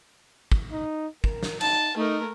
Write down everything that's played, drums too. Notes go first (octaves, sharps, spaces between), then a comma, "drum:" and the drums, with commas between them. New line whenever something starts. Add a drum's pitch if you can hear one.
drum: kick
D#4
A#4, drum: kick
drum: snare
D#4 A5, drum: cymbal
A3 D#4 A#4